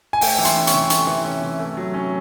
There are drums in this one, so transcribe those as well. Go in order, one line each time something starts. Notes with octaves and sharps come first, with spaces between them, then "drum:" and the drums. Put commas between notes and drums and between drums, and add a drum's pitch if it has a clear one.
G#5
A3 G5, drum: open hi-hat
E3
C6, drum: hi-hat
C#4
C#6, drum: hi-hat
C3
A3 C#6, drum: hi-hat
E3
C#4
C3
A3
F#3
C#4